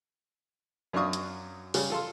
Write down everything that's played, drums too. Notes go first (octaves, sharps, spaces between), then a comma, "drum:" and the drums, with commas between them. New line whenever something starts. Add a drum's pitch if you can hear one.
F#2 F#3 D4 F5 C#6 D#6
drum: hi-hat
C#3 G3 C#4, drum: open hi-hat
F4 A4 C6